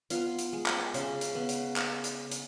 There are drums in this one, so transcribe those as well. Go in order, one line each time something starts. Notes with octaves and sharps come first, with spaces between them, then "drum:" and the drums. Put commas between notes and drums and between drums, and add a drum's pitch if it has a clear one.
B3 F4 F5, drum: hi-hat
drum: hi-hat
G#3
drum: clap
C#3, drum: hi-hat
drum: hi-hat
B3
drum: hi-hat
drum: clap
drum: hi-hat
drum: hi-hat